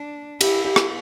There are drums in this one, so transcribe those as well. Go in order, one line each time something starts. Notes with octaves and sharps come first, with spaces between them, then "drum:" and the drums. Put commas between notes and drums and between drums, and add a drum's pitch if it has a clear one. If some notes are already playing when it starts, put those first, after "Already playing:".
Already playing: D4
E4 G4, drum: cymbal
G4
drum: rim click